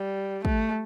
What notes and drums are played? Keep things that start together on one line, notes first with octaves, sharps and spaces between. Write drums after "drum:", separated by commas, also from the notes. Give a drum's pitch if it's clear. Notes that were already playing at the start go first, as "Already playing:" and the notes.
Already playing: G3
A3, drum: kick